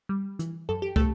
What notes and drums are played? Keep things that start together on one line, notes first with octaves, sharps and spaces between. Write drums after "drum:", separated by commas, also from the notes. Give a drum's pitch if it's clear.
G3
E3, drum: hi-hat
F#2 A4
G4
A3 A4, drum: kick